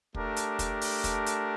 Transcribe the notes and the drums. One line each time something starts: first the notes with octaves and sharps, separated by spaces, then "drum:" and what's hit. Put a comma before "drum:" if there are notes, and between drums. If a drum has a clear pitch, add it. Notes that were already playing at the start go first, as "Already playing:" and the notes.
A3 D4 G4 A#4, drum: kick
drum: hi-hat
drum: kick, hi-hat
drum: open hi-hat
drum: kick, hi-hat
drum: hi-hat